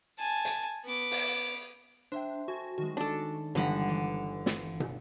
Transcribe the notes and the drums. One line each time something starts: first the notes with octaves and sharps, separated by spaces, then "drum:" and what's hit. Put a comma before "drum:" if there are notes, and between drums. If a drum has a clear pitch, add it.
G#5 A5
drum: hi-hat
B3 D6
drum: open hi-hat
D4 C5 E5 G5
F#4 A4 G#5
D#3 G#3 F#4
D4 A4
G1 D3 E3 G#3 G4 F#5 B5
E3
drum: snare
drum: tom